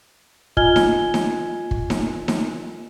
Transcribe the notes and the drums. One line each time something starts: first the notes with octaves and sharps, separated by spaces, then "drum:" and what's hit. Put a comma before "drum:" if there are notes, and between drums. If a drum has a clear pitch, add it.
F4 D#5 G#5 F6 G#6 G7, drum: kick
drum: snare D#4
drum: snare D#4
drum: kick
drum: snare D#4
drum: snare D#4